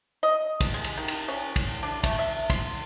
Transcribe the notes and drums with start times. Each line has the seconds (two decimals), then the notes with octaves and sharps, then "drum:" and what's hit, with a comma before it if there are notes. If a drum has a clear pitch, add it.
0.23 D#5
0.61 drum: kick, cymbal
0.74 G#3
0.84 drum: cymbal
0.98 D#3
1.08 drum: cymbal
1.28 C#4
1.56 drum: kick, cymbal
1.83 D4
2.04 A3, drum: kick, cymbal
2.19 E5
2.50 C6, drum: kick, cymbal